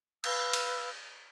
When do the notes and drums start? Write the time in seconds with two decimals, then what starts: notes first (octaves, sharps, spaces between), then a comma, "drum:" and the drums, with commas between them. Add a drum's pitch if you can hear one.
0.24 B4 F5 E6 F6, drum: cymbal
0.53 drum: cymbal